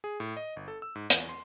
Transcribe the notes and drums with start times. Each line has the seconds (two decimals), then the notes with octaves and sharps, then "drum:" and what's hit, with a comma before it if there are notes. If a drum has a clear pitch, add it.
0.04 G#4
0.20 A2
0.37 D#5
0.56 G1
0.68 A4
0.82 E6
0.95 G#2
1.10 E2, drum: hi-hat
1.29 C6